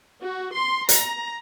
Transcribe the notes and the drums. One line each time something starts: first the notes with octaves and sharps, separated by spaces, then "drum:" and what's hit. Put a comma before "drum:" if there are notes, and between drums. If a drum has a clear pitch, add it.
F#4
C6
A#5, drum: hi-hat